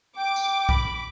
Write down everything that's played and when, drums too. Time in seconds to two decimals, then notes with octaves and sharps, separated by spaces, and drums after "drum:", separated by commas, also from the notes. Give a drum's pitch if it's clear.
0.17 G5 D6
0.36 drum: tambourine
0.69 B5, drum: kick A#1